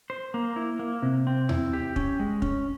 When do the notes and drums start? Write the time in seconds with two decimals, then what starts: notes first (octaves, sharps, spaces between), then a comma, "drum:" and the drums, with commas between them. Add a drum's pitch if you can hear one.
0.10 C5
0.34 A#3
0.56 E4
0.79 A#3
1.03 C3
1.27 C4
1.49 E4, drum: tom D#2
1.73 G4
1.96 C#4, drum: kick
2.20 G#3
2.42 C#4, drum: kick